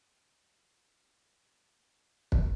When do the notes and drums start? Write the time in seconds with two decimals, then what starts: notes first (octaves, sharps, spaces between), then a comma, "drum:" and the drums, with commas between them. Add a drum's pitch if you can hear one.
0.19 A#4
0.59 A4 G#5
1.39 F5
2.32 drum: kick